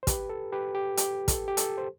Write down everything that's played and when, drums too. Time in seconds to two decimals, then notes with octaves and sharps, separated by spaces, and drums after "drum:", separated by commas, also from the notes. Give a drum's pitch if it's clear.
0.03 C5
0.07 G4 B4, drum: kick, hi-hat
0.30 A4
0.52 G4 B4
0.75 G4
0.97 G4, drum: hi-hat
1.28 A4, drum: kick, hi-hat
1.48 G4
1.57 A4, drum: hi-hat
1.78 C5